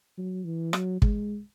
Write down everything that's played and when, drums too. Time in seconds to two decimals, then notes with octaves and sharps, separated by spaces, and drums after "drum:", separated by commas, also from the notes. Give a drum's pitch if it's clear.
0.18 F#3
0.45 E3
0.73 F#3, drum: rim click
1.02 G#3, drum: kick